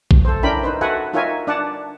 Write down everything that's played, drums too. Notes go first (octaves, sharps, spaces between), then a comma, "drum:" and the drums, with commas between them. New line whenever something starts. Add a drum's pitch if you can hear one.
drum: kick A#1
A4 C5
C#4 D4 E4 A#4 G5 B5
D#4 B4 C5
F#4 A4 B4 E5 F#5 G#5
D#4 F4 A#4 C#5 E5 G#5
D4 D5 F#5 A5